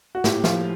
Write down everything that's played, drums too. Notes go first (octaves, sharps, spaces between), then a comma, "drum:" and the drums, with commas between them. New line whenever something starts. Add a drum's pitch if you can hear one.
F#4
A2 G4, drum: snare
F3 F4, drum: snare